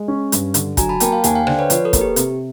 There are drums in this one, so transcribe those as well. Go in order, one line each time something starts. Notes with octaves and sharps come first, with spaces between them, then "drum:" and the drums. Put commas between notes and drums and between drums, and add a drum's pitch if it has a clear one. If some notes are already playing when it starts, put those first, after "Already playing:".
Already playing: G#3
C#4
G2, drum: hi-hat
D3, drum: hi-hat
F#3 G#5 A#5, drum: kick, hi-hat
A5 B5
A#3 G5 A5, drum: hi-hat
F5 G5
D#2 F#5 G#5, drum: hi-hat
F5 G5
D3 C5 D5, drum: rim click
B4 C#5
F3 B4 C#5, drum: hi-hat
A4 B4
A#3, drum: kick, hi-hat
G4
C3, drum: hi-hat